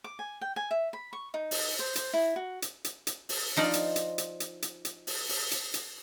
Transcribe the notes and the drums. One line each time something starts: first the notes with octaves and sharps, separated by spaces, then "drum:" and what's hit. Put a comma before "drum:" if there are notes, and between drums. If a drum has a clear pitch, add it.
D6
G#5
G5
G#5
E5
B5
C#6
D#4
drum: open hi-hat
C5
C5, drum: hi-hat
E4
F#4
drum: hi-hat
drum: hi-hat
drum: hi-hat
drum: open hi-hat
F3 D#4 F4 D5
drum: hi-hat
drum: hi-hat
drum: hi-hat
drum: hi-hat
drum: hi-hat
drum: hi-hat
drum: open hi-hat
drum: open hi-hat
drum: hi-hat
drum: hi-hat